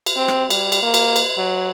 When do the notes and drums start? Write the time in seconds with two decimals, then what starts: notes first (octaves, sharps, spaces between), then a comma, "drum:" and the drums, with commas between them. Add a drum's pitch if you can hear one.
0.06 drum: cymbal
0.17 C4
0.28 drum: rim click
0.50 G3, drum: cymbal
0.72 drum: cymbal
0.83 A#3
0.94 drum: cymbal
1.16 drum: cymbal
1.38 F#3